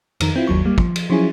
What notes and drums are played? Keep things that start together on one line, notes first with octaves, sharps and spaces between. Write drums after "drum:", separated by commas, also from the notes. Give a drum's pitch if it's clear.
F2 D#3, drum: cymbal
C4 E4 F4
G1 D#2 F#3 C#6
G3 A#3
F3, drum: kick
drum: cymbal
F3 F#3 C#4 E4 G#4